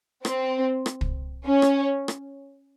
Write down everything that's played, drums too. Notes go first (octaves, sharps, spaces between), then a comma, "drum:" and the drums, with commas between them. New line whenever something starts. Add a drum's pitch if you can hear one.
C4, drum: rim click
drum: rim click
drum: kick
C#4
drum: rim click
drum: rim click